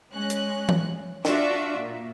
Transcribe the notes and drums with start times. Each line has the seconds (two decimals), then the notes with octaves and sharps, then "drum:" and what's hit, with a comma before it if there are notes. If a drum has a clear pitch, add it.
0.13 G#3 C#4 F#6
0.30 drum: hi-hat
0.69 drum: tom E3
1.25 D4 F4 F#4 D5 E5, drum: snare
1.78 A#2